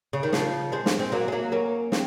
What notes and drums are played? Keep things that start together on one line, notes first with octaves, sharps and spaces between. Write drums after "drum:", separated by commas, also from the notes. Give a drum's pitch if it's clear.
C#3
D#3
C#3 F3, drum: snare
G#3 C4
drum: snare
G#3 C4
F#3 A#3
G#3
F#3 A#3
A#3 C#4
C4, drum: snare